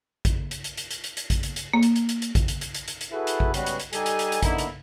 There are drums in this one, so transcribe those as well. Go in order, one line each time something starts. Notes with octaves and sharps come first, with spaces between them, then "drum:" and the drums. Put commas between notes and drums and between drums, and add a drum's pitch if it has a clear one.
drum: kick A1, hi-hat
drum: hi-hat
drum: hi-hat
drum: hi-hat
drum: hi-hat
drum: hi-hat
drum: hi-hat
drum: kick A1, hi-hat
drum: hi-hat
drum: hi-hat
A#3
drum: hi-hat
drum: hi-hat
drum: hi-hat
drum: hi-hat
drum: kick A1, hi-hat
drum: hi-hat
drum: hi-hat
drum: hi-hat
drum: hi-hat
drum: hi-hat
E4 F#4 G#4 A4 B4
drum: hi-hat
drum: kick A1
G3 G#3 B3 C#4 F#4 B4, drum: hi-hat
drum: hi-hat
drum: hi-hat
G3 D#4 G4 A4 G#5, drum: hi-hat
drum: hi-hat
drum: hi-hat
drum: hi-hat
D3 A#3 B3 D#4 E4, drum: kick A1, hi-hat
drum: hi-hat